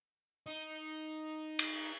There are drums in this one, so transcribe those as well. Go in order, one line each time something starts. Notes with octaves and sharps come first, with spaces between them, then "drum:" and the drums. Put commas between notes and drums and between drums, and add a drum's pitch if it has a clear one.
D#4
drum: cymbal